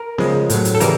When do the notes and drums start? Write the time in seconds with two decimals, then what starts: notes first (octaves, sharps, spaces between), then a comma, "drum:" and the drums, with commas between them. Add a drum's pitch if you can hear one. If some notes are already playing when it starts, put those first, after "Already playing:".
Already playing: A#4
0.18 C#3 F3 G#3, drum: snare B3
0.50 A2 F#3, drum: hi-hat
0.65 drum: hi-hat
0.75 A4
0.80 C#3 E3 G3 A#4, drum: hi-hat